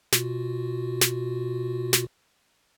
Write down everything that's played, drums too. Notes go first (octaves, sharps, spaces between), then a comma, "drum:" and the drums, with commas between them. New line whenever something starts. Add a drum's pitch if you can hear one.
B2 F4 F#4, drum: snare
drum: snare
drum: snare